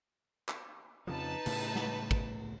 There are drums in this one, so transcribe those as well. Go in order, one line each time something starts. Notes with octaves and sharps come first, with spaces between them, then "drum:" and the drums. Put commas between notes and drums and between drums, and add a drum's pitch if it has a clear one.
drum: clap
F2 C#3 F3 D#4 B4 A5
A2 C#3, drum: cymbal
drum: snare
drum: kick